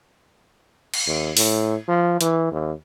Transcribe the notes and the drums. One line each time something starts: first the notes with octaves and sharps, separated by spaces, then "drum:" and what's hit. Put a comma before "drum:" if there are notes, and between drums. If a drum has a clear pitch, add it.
drum: cymbal
D#2
A2, drum: open hi-hat
F3
E3, drum: hi-hat
D#2